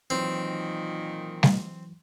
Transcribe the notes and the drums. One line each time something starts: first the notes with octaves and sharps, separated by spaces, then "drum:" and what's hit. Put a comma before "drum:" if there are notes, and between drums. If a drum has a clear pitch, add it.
A#2 D#3 E3 F#3 C4 D#4
drum: snare G3